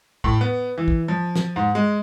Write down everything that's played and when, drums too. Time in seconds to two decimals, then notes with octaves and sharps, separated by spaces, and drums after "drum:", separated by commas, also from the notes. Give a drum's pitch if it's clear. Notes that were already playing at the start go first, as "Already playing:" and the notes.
0.24 A2, drum: kick
0.41 B3
0.78 E3
0.88 drum: kick
1.08 F3
1.36 drum: snare
1.56 G#2
1.75 G#3